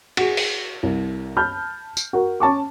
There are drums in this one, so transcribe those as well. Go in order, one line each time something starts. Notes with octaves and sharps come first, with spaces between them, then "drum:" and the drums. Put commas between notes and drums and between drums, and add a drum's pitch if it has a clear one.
F#4 G#4, drum: cymbal
drum: open hi-hat
C2
A5 B5 F6 G6
drum: tambourine
F#4 A#4
C#4 A5 C#6 D6